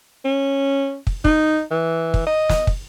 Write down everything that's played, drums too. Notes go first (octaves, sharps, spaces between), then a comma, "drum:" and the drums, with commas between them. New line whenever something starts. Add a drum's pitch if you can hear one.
C#4
drum: kick
D#4, drum: kick
E3
drum: kick
D#5
drum: snare
drum: kick